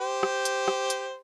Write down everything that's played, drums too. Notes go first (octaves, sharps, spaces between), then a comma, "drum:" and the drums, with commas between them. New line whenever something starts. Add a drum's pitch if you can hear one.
G4 C5
drum: rim click
drum: hi-hat
drum: rim click
drum: hi-hat